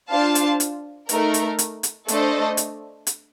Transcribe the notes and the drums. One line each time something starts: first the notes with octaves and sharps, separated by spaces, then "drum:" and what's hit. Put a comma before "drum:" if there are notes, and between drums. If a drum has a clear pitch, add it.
D4 F4 C5 F5 A5
drum: hi-hat
drum: hi-hat
A3 D#4 A#4, drum: hi-hat
drum: hi-hat
drum: hi-hat
drum: hi-hat
A3 D4 A4 C5 D#5, drum: hi-hat
drum: hi-hat
drum: hi-hat